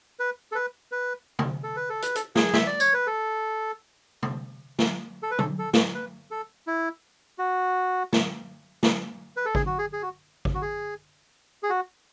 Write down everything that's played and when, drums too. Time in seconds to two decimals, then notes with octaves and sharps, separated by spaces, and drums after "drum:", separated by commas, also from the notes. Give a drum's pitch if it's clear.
0.19 B4
0.52 A4
0.55 B4
0.92 B4
1.39 drum: tom C3
1.63 A4
1.76 B4
1.89 A4
2.02 B4, drum: hi-hat
2.15 A4, drum: hi-hat
2.35 G#4, drum: snare
2.53 E5, drum: snare
2.67 D5
2.80 C#5, drum: tambourine
2.94 B4
3.07 A4
4.23 drum: tom C3
4.79 drum: snare
5.23 A4
5.31 B4
5.39 A4, drum: tom
5.59 A4
5.73 drum: snare
5.94 B4
6.31 A4
6.67 E4
7.38 F#4
8.13 drum: snare
8.83 drum: snare
9.37 B4
9.45 A4
9.55 G#4, drum: kick G#1
9.66 F#4
9.78 G#4
9.93 G#4
10.02 F#4
10.45 drum: kick G#1
10.55 F#4
10.62 G#4
11.63 G#4
11.70 F#4